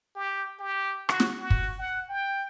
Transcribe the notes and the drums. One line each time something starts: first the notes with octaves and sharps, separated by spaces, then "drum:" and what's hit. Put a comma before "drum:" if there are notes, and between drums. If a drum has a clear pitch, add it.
G4
G4
F#4, drum: rim click
drum: snare
F#4
drum: kick
F#5
G5